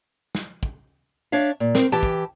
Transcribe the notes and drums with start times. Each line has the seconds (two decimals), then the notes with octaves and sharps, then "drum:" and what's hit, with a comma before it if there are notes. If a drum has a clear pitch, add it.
0.35 drum: snare
0.63 drum: kick
1.32 D4 C#5 E5 F5
1.60 A#2
1.75 C4 A#4, drum: snare
1.92 E3 G4 G5 A5
2.03 drum: kick